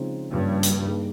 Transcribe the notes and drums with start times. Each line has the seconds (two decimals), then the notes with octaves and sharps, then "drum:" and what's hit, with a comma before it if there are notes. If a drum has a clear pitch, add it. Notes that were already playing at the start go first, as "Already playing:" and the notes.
Already playing: C#3 F3 G#3 C4 D#4
0.30 G2 C#3 F3 A#3 C#4
0.63 drum: hi-hat
0.87 A#3 D#4 G#4